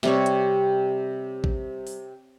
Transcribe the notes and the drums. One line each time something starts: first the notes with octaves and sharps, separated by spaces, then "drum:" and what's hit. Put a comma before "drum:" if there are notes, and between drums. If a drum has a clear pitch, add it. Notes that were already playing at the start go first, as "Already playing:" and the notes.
C3 G3 C#5, drum: snare
drum: hi-hat
drum: kick A1
drum: open hi-hat